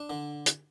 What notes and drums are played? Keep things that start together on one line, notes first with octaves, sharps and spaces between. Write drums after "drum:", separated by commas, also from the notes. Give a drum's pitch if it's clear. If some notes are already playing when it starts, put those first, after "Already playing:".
Already playing: D4
D3
drum: hi-hat